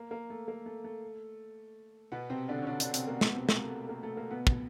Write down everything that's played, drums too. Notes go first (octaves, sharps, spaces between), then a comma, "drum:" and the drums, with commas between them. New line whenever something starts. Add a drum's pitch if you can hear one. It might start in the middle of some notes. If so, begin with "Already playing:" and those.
Already playing: A#3
A#3
A3
A#3
A3
A3
B2 B3
C3 C4
D3 D4
C#4
D3 D4
D3 D4, drum: hi-hat
C3 C4, drum: hi-hat
A#3
B2 B3, drum: snare
C3 C4
A#3, drum: snare
A3
A#3
A3
A#3
B2 B3
drum: kick